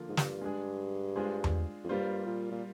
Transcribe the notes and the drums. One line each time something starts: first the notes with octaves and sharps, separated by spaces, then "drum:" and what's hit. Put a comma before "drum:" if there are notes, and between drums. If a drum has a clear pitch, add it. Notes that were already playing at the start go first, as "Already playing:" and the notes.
Already playing: D3 F3 A#3 F4
G#2
G2, drum: snare
G#3 D4 G#4
G#3 D4 F4 G#4 C5
drum: tom E2
F2
G2 G3 A#3 F4 C5
A#2
A#2